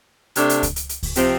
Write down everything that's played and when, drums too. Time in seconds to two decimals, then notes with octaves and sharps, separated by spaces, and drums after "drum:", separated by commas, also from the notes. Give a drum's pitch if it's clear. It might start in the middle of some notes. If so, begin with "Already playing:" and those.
0.36 C3 A3 D4, drum: hi-hat
0.49 drum: hi-hat
0.63 drum: kick C#2, hi-hat
0.76 drum: hi-hat
0.89 drum: hi-hat
1.03 drum: kick C#2, open hi-hat
1.15 C3 F3 C4, drum: hi-hat